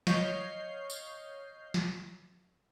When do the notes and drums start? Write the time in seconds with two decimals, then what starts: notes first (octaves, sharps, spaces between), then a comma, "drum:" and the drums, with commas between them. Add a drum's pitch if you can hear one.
0.07 C#5 D#5 F5 F6 G6 C7, drum: snare
0.90 drum: tambourine
1.74 drum: snare